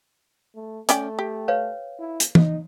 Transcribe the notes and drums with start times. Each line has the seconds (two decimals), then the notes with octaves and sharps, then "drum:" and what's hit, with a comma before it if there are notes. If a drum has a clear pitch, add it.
0.55 A3
0.89 A3 C#4 D5 G5, drum: hi-hat
1.19 G4
1.48 B4 C#5 F5
1.99 E4
2.20 drum: hi-hat
2.35 D#4, drum: tom